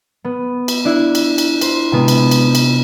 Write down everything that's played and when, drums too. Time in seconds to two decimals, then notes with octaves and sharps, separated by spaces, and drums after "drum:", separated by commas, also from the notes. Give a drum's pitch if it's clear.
0.24 B3
0.68 drum: cymbal
0.85 D4 E4
1.15 drum: cymbal
1.38 drum: cymbal
1.61 C5, drum: cymbal
1.92 C3 G#3 B3
2.08 drum: cymbal
2.31 drum: cymbal
2.55 drum: cymbal